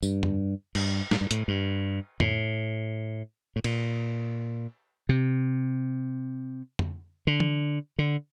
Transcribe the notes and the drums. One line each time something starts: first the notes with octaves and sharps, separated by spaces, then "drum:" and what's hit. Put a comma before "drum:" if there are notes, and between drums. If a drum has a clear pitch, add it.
G2, drum: tambourine
drum: tom F2
G2, drum: cymbal
A2, drum: snare
G2
A2, drum: hi-hat
G2
A2, drum: tom F2
A2
A#2, drum: cymbal
C3
drum: tom F2
D3
drum: tom
D3